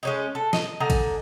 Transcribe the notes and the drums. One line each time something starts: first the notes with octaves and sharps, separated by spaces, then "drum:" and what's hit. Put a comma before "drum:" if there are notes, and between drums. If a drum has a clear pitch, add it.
G#3 C#4 D#4
A4
D#5, drum: snare
D3 D#4 G#5 A#5
drum: kick A1, cymbal